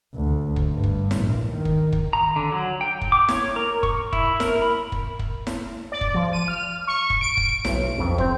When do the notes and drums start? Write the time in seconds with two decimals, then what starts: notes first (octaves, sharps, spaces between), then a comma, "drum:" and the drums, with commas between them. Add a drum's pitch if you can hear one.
0.15 D2
0.56 drum: kick
0.74 G2
0.84 drum: kick
1.11 drum: snare E4
1.20 A#1
1.50 D#3
1.65 drum: kick
1.92 drum: kick
2.13 A#5
2.36 D3
2.52 F#3
2.81 G5
3.01 drum: kick
3.12 D6
3.28 C#5, drum: snare E4
3.56 A#4
3.83 C#6, drum: kick
4.13 E4, drum: kick
4.40 A#4, drum: snare E4
4.62 B5
4.92 drum: kick
5.19 drum: kick
5.47 drum: snare E4
5.92 D5
6.01 drum: kick
6.14 F3
6.33 D#7
6.48 F6
6.87 C#6
7.10 drum: kick
7.21 D7
7.37 drum: kick
7.65 B1, drum: snare E4
7.98 F2
8.18 C4, drum: kick